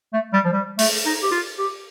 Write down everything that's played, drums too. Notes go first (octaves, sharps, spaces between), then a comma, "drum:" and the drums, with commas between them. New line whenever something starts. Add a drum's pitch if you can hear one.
A3
G3
F3
G3
A3, drum: open hi-hat
D#4
G4
F4
G4